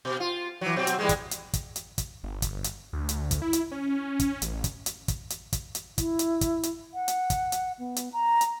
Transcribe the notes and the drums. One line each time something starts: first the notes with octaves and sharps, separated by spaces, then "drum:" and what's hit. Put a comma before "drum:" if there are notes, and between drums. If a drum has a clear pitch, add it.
B2
F4
E3 F#3
B2 F#3 C4
drum: hi-hat
E3 G3 G#3
drum: kick, hi-hat
drum: hi-hat
drum: kick, hi-hat
drum: hi-hat
drum: kick, hi-hat
G1
drum: kick, hi-hat
drum: hi-hat
D2
drum: hi-hat
drum: kick, hi-hat
E4
drum: hi-hat
C#4
drum: kick, hi-hat
A1, drum: hi-hat
drum: kick, hi-hat
drum: hi-hat
drum: kick, hi-hat
drum: hi-hat
drum: kick, hi-hat
drum: hi-hat
E4, drum: kick, hi-hat
drum: hi-hat
drum: kick, hi-hat
drum: hi-hat
F#5
drum: hi-hat
drum: kick, hi-hat
drum: hi-hat
B3
drum: hi-hat
A#5
drum: hi-hat